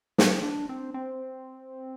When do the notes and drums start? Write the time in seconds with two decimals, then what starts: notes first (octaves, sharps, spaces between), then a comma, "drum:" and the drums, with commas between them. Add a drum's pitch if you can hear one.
0.18 D4, drum: snare
0.43 D4
0.69 C4
0.94 C4